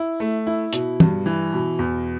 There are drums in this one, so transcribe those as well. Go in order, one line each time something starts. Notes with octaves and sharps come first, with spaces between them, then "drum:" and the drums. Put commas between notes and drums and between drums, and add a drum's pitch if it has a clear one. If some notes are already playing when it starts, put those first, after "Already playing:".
Already playing: E4
A3
E4
B2, drum: hi-hat
G2, drum: tom
E3
B2
E2